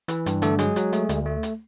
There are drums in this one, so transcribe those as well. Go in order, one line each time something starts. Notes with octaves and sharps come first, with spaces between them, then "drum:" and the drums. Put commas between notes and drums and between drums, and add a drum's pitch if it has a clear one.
E3, drum: hi-hat
G2, drum: hi-hat
D3 A3 A4, drum: hi-hat
F#3 G#3 G#4, drum: hi-hat
F#3, drum: hi-hat
A3, drum: hi-hat
D2, drum: hi-hat
A3
drum: hi-hat